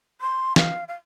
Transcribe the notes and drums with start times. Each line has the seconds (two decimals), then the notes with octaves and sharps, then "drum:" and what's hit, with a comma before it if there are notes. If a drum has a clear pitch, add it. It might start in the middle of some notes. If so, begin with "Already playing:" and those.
0.21 C6
0.56 F5, drum: snare
0.88 F5